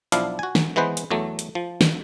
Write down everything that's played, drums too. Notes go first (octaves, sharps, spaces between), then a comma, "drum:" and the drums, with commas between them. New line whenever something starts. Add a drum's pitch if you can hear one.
B1 F3 D4 E4 F5, drum: hi-hat
F#4 G#5
drum: snare
E3 G#3 B3 B4 C5
drum: hi-hat
E2 F#3 A3
drum: hi-hat
F3
drum: snare